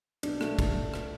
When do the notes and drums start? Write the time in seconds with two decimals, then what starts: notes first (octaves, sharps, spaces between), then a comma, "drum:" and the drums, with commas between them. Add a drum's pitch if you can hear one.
0.23 B1 B2 D4, drum: cymbal
0.41 A3, drum: rim click
0.59 drum: kick, cymbal
0.94 drum: rim click